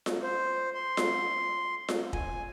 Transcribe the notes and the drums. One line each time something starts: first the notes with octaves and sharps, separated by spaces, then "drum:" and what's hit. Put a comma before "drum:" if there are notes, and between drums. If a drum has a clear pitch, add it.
drum: snare F4
C5
C6
drum: snare F4
drum: snare F4
G#5, drum: kick